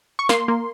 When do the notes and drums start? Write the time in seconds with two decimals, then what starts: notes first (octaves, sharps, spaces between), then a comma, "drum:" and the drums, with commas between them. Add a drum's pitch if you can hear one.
0.19 C#6
0.29 A#3 C6, drum: snare
0.48 A#3